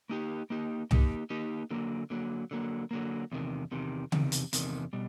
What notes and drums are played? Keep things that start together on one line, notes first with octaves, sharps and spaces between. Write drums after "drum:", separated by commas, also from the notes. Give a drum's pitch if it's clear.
A#3 D#4 G4
A#3 D#4 G4
A#3 D#4 G4, drum: tom C2
A#3 D#4 G4
D3 F#3 A#3
D3 F#3 A#3
D3 F#3 A#3
D3 F#3 A#3
E2 C3 D#3
E2 C3 D#3
E2 C3 D#3, drum: tom C#3
drum: hi-hat
E2 C3 D#3, drum: hi-hat
B2 G3